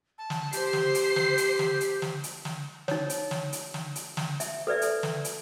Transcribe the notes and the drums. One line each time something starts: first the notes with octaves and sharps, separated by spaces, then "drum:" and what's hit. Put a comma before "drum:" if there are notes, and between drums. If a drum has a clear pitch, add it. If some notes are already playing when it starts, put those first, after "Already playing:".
A5
drum: snare
G4 C5 C7, drum: hi-hat
drum: snare
drum: hi-hat
drum: snare
drum: hi-hat
drum: snare
drum: hi-hat
drum: snare
drum: hi-hat
drum: snare
D#4 C#5, drum: snare
drum: hi-hat
drum: snare
drum: hi-hat
drum: snare
drum: hi-hat
drum: snare
E5, drum: hi-hat
A4 B4 D5 E5
drum: hi-hat
drum: snare
drum: hi-hat